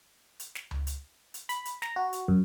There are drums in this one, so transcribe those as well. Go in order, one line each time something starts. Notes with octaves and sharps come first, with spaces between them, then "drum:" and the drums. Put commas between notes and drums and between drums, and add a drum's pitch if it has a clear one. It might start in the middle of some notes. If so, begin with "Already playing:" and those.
drum: hi-hat
drum: snare
drum: tom C#2
drum: hi-hat
drum: hi-hat
B5, drum: hi-hat
drum: hi-hat
A#5, drum: snare
F#4
drum: hi-hat
F#2